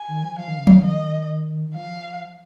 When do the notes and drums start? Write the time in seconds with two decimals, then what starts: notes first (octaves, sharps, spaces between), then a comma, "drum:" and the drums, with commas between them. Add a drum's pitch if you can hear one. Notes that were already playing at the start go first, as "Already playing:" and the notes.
Already playing: G#5
0.08 D#3
0.23 F3
0.38 F3 F5
0.48 D#3
0.58 C#3
0.67 D#3, drum: tom F3
0.84 D#5
1.68 D#3
1.75 F3 F5